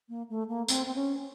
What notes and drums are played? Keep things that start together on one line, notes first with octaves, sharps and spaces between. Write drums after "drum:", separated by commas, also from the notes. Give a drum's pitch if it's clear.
A#3
A3
A#3
C4, drum: tambourine
C4
C#4